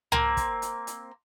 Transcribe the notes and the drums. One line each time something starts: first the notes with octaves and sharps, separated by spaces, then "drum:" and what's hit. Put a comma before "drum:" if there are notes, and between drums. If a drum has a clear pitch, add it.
A#3 C4, drum: tom C2
drum: kick, hi-hat
drum: hi-hat
drum: hi-hat